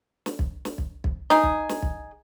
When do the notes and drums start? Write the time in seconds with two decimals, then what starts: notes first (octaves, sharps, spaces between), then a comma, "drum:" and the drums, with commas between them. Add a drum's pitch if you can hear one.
0.26 drum: snare
0.39 drum: kick
0.65 drum: snare
0.78 drum: kick
1.04 drum: kick
1.30 D#4 G#4, drum: snare
1.43 drum: kick
1.69 drum: snare
1.82 drum: kick